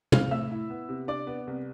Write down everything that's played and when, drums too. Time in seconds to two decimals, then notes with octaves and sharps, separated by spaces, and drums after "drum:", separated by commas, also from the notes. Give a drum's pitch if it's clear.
0.12 C4 F5 F6, drum: tom
0.31 A2 E5 E6
0.51 E4
0.70 B3
0.89 C3
1.08 D4 D5 D6
1.27 B3
1.47 C2